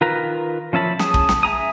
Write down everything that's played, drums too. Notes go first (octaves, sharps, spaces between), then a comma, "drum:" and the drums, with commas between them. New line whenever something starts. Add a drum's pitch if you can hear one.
D#3 F4 A#4 B4 A#5
F3 C#4 E5 A5 B5
C#4 G#4 A5 D#6, drum: snare
drum: kick
drum: snare
E5 G#5 A#5 D#6